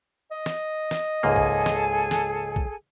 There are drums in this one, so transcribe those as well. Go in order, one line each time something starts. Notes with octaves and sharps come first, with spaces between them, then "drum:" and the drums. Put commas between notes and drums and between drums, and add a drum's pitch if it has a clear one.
D#5
drum: snare
drum: snare
C#2 G#2 A#3 G#4 A4 G#5
drum: kick B1
drum: snare
drum: snare
drum: kick B1